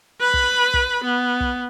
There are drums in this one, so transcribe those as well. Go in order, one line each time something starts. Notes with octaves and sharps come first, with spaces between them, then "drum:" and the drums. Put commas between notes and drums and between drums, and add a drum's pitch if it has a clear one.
B4 B5
drum: kick
drum: kick
B3
drum: kick